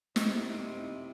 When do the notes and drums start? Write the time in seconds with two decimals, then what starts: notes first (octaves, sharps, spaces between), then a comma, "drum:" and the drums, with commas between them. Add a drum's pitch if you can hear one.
0.16 C3 D#4, drum: snare
0.27 E4
0.39 D#4
0.51 C4
0.63 E4
0.76 D#4
0.87 E4